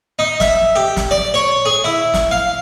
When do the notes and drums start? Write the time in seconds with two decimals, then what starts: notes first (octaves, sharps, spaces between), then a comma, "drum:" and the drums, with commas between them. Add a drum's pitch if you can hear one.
0.19 D#4
0.40 E5, drum: snare
0.76 G4
0.96 drum: snare
1.11 D5
1.34 C#5
1.65 G#4
1.84 E4
2.14 drum: snare
2.31 F5